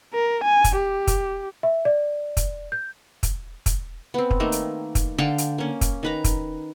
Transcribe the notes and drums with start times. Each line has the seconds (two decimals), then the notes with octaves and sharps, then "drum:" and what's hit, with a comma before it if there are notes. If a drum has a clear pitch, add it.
0.13 A#4
0.44 G#5
0.64 drum: kick, hi-hat
0.76 G4
1.07 drum: kick, hi-hat
1.63 E5
1.85 D5
2.37 drum: kick, hi-hat
2.72 G6
3.23 drum: kick, hi-hat
3.66 drum: kick, hi-hat
4.14 B3 C4
4.31 drum: kick
4.40 D#3 A3 A#3
4.52 drum: hi-hat
4.95 drum: kick, hi-hat
5.18 D3 F5 G5 A5
5.38 drum: hi-hat
5.58 A#3 C#4
5.81 drum: kick, hi-hat
6.03 D#3 B4 A#5
6.24 drum: kick, hi-hat